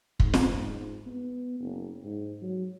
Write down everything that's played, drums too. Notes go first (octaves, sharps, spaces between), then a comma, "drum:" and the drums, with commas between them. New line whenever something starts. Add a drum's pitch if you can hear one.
G#2, drum: kick
drum: snare
G#2
B3
F#1
G#2
F#3